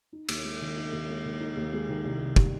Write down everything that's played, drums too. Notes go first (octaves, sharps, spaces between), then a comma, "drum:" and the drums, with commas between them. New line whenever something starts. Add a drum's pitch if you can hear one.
D#4
D#2, drum: cymbal
G#3
D#3
D#4
D#2
G#3
D#3
D#4
D#2
G#3
D#3
C2
C2
G3, drum: kick